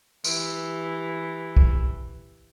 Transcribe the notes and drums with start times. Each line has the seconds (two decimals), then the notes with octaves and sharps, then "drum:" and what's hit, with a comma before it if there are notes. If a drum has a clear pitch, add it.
0.24 E3 G4, drum: tambourine
1.57 drum: kick